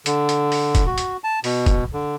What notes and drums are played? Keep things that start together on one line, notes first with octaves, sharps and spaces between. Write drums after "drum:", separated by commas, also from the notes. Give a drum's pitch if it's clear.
D3, drum: hi-hat
drum: hi-hat
drum: open hi-hat
drum: kick, hi-hat
F#4
drum: hi-hat
A5
B2, drum: open hi-hat
drum: kick, hi-hat
D3